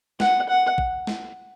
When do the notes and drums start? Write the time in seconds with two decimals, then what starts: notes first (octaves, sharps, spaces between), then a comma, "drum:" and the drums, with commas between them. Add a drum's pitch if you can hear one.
0.20 F#5, drum: snare
0.49 F#5
0.78 drum: kick
1.07 drum: snare